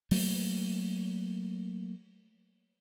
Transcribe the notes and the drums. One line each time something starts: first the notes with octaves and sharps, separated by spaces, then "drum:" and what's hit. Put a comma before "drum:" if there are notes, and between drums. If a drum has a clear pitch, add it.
F#3 A3 A#3, drum: open hi-hat